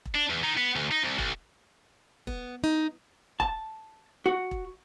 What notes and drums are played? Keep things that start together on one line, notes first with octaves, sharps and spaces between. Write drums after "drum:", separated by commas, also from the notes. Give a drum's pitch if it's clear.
drum: kick E1
D4
E2
D#3
B3
D2
D#4
C2
B1, drum: kick E1
B3, drum: kick E1
D#4
A5, drum: kick E1
F#4
drum: kick E1